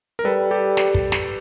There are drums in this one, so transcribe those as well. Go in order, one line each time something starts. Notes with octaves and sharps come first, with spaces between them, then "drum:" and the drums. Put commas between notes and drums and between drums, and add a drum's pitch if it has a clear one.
A#4
G3 A4 B4
G4 A4
drum: snare
drum: kick
drum: snare